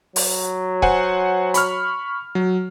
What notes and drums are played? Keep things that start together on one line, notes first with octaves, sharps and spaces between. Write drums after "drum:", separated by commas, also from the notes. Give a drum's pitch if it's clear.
F#3, drum: open hi-hat
C5 F#5 G#5, drum: kick C#1
B5 C#6 F6, drum: hi-hat
F#3